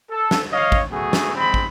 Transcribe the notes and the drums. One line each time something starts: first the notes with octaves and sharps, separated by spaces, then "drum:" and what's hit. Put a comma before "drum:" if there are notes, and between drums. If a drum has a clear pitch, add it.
A4
drum: snare
C#5 D#5 F5
drum: kick
A3 B3 F#4 G#4
drum: snare
G#3 C4 B5
drum: kick